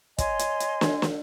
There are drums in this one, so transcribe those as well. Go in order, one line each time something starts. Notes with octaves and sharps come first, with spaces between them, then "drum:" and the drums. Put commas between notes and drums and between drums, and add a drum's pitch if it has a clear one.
C#5 D#5 G#5 C6, drum: kick, hi-hat
drum: hi-hat
drum: hi-hat
drum: snare
drum: snare